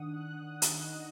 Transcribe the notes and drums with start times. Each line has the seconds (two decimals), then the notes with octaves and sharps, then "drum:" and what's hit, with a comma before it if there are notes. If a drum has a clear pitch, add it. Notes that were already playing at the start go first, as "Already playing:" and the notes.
Already playing: D#3 D4 F#5 D#6
0.13 D#3 F#6
0.41 D#3 D#6
0.62 F#5, drum: hi-hat
0.70 D#3
0.84 D#5